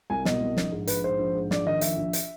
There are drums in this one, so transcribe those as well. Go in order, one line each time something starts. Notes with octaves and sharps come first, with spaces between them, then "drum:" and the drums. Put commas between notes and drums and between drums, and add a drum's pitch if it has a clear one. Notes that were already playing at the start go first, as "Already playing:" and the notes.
C2 G#5
B2 D#5, drum: snare
C2
A#1, drum: snare
G#2
A#1 B4, drum: hi-hat
G#2 C5
A#1
G#2
A#1 D5, drum: snare
D#3 D#5
A#1 E5, drum: hi-hat
A#1
drum: hi-hat